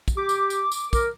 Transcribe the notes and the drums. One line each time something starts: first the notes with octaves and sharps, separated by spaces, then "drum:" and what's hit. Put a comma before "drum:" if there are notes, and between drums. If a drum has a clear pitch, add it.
drum: kick, tambourine
G4 D6
drum: tambourine
drum: tambourine
drum: tambourine
A#4, drum: kick, tambourine